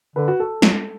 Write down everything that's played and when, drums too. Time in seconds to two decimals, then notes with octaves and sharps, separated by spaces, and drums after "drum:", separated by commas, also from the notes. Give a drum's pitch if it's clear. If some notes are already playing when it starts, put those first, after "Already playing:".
0.16 D3 B4
0.28 F#4
0.40 A4
0.62 F#3, drum: snare